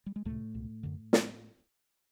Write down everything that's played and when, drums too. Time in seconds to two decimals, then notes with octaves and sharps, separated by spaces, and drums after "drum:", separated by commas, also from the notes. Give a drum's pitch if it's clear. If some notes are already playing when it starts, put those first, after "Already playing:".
0.06 G3
0.16 G#3
0.25 C#2 A2 C3 A3
0.54 C#2 B2
0.83 F#2 D3
1.13 drum: snare